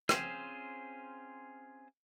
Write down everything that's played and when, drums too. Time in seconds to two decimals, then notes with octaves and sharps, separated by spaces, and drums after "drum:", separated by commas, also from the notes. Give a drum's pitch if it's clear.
0.09 C4 C#4 F4 G#4 C5, drum: rim click